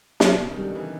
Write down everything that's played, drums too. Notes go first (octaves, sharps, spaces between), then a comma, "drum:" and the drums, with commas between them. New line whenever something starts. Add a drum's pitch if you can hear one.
B2 F#3, drum: snare
C3
C#3
D#3
D3 G3
D#3
E3